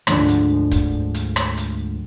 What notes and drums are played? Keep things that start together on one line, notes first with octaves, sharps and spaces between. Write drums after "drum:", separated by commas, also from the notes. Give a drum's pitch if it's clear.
D2 G#2 D3 F3 G#3 D4, drum: rim click
drum: hi-hat
drum: kick, hi-hat
drum: hi-hat
drum: rim click
drum: hi-hat